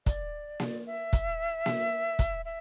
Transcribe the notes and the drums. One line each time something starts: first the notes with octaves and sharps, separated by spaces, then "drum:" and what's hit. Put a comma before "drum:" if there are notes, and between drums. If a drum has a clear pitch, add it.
D5, drum: kick, hi-hat
drum: snare A#3
E5
drum: kick, hi-hat
drum: snare A#3
drum: kick, hi-hat
E5